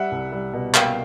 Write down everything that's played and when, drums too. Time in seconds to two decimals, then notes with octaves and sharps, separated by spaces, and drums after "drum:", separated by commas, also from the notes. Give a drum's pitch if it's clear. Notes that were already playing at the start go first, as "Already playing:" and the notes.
Already playing: G3 E5 F#5
0.11 C2
0.32 G3
0.53 B2
0.74 A#3 F5 G5, drum: clap